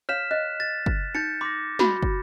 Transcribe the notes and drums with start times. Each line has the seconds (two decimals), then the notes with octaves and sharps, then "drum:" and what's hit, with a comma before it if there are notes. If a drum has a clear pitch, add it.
0.09 C#5 F5 F6 B6 E7
0.31 D#5 F#6
0.60 A6
0.86 drum: kick
1.15 D#4 G6 A6 C#7
1.41 C6 D6 A#6
1.79 E4 F#4 B5, drum: snare
2.03 drum: kick